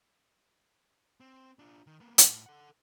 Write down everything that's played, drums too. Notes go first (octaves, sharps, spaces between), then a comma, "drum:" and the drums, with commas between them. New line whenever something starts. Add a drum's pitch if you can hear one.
C4
D4 F4
D#3
A#3 B3
A2, drum: hi-hat
A4 F#5